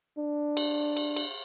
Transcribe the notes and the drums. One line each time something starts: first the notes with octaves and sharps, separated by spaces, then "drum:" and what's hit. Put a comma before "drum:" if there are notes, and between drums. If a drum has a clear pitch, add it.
D4
drum: cymbal
drum: cymbal
drum: cymbal